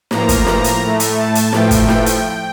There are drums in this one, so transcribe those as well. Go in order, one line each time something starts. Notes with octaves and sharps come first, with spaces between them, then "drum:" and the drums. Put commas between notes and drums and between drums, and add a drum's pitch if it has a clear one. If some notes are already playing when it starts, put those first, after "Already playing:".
A2 F3 A#3 A#5, drum: snare
drum: kick, hi-hat
A#5, drum: snare
drum: hi-hat
A2 A3
drum: hi-hat
A5
drum: hi-hat
A2 F3 A3 G5, drum: snare
drum: kick, hi-hat
G5, drum: snare
drum: hi-hat